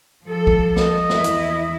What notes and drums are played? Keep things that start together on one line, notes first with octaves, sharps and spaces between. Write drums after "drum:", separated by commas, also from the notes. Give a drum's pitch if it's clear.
F3 A4
drum: kick
D#5, drum: snare
E2 E4, drum: snare
drum: hi-hat